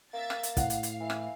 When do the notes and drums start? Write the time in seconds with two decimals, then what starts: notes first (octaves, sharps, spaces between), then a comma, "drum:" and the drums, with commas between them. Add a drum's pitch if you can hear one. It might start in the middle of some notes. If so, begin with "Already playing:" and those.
0.14 A#3 E5 A6
0.30 drum: rim click
0.43 drum: hi-hat
0.57 A2 F5 F#5, drum: kick, hi-hat
0.70 drum: hi-hat
0.83 drum: hi-hat
1.00 E3
1.10 drum: rim click